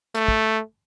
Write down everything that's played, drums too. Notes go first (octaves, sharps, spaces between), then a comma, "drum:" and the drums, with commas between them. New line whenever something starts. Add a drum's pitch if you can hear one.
A3, drum: hi-hat
drum: kick